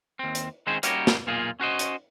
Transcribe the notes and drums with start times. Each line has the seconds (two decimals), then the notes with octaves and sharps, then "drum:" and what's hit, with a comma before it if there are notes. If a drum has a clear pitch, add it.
0.19 D#2 C4
0.35 drum: hi-hat
0.67 D#3 G#3 C4 C#4 G#4 C5
0.83 G3 A#3 C#4 D#4 F#4 G4, drum: hi-hat
1.07 drum: snare
1.27 B1 A#2 A#3 F4 G#4
1.60 C#4 F#4 C5 D#5
1.79 drum: hi-hat